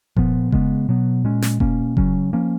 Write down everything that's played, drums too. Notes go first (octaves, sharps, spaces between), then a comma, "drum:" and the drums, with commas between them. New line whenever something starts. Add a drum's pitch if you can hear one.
A#2 F3 B3, drum: kick F1
C#3 G#3 B3, drum: kick F1
B2 F#3 B3
A#2 G#3 C#4
drum: snare
B2 A#3 C#4, drum: kick F1
C#3 F#3 C#4, drum: kick F1
F3 A#3 C#4